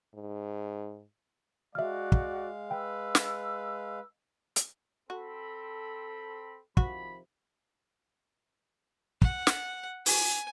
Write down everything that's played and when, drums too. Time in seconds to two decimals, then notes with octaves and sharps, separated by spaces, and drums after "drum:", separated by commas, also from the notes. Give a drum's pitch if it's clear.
0.15 G#2
1.75 G#3 F#4 D5 E5 F5 F6
2.12 drum: kick
2.71 B4 G5 E6
3.15 drum: snare
4.56 drum: hi-hat
5.10 C4 F#4 A4 B5
6.77 C3 D#3 F3 F#4 B5, drum: kick
9.22 F#5, drum: kick
9.47 drum: snare
10.06 G#5, drum: open hi-hat